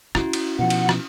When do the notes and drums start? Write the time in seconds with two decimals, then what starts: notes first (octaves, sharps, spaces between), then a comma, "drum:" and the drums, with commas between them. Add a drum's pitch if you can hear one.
0.15 C#4 E4 F#4, drum: rim click
0.33 drum: cymbal
0.59 B2 F3 F#5
0.70 drum: cymbal
0.89 drum: rim click